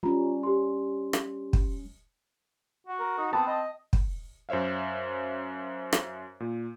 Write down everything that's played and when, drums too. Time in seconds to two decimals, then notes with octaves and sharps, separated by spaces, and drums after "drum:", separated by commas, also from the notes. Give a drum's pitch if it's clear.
0.03 G3 C#4 F4 A#5
0.43 G4 C6
1.13 drum: rim click
1.53 drum: kick
2.87 F#4
3.00 A#4
3.18 D#4
3.33 B3 C4 A5
3.47 D#5
3.93 drum: kick
4.49 F#2 C5 C#5 E5 F5
5.93 drum: rim click
6.40 A#2